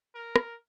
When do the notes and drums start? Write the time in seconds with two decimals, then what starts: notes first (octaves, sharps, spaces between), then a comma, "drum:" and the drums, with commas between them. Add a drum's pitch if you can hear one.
0.15 A#4
0.36 drum: rim click